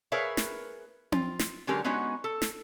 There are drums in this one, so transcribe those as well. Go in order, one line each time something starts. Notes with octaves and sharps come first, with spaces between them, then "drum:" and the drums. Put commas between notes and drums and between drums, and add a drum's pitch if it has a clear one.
G#4 A#4 B4 C#5 E5 F5
drum: snare
F4, drum: tom C4
drum: snare
D3 F#3 G#3 C#4 G4 A#4
G#3 B3 C#4 D#4 F#4
A4
drum: snare